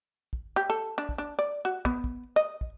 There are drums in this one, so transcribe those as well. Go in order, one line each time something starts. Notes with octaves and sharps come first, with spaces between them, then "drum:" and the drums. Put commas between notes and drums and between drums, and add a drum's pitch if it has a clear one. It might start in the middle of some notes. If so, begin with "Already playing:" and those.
drum: kick
G4
A4
D4
drum: kick
D4
D5
F#4
B3, drum: kick
drum: kick
D#5
drum: kick